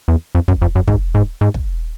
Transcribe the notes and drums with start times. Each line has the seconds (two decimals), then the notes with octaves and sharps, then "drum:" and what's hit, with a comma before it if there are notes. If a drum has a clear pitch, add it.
0.08 E2
0.35 F2
0.48 F#2, drum: kick
0.62 F2
0.75 F#2
0.88 G#2, drum: kick
1.15 G#2
1.41 G#2
1.54 drum: kick